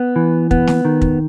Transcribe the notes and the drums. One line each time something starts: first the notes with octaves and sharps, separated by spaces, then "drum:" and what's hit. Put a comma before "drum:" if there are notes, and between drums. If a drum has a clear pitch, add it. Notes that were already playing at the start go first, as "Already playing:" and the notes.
Already playing: B3
E3
B3, drum: kick
drum: snare
D#3
drum: kick